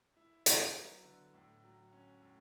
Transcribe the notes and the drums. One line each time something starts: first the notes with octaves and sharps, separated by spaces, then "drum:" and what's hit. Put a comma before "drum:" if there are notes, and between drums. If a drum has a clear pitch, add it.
E4
B3, drum: hi-hat
F#3
D3
A2
F#3
C#4
A2